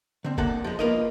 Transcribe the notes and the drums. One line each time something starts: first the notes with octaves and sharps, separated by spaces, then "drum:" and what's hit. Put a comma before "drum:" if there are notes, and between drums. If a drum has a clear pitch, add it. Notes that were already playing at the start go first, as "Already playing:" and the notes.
D3 C4
C2 A#3 A4 F#5, drum: kick
F3 G#3
A#3 F4 A#4 B4 D#5